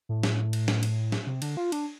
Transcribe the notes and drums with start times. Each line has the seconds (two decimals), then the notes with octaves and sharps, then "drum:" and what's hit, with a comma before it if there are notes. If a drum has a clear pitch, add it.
0.09 A2
0.23 drum: snare
0.53 drum: cymbal
0.68 drum: snare
0.83 drum: cymbal
1.12 drum: snare
1.27 C3
1.42 D3, drum: cymbal
1.57 F4
1.72 D4, drum: cymbal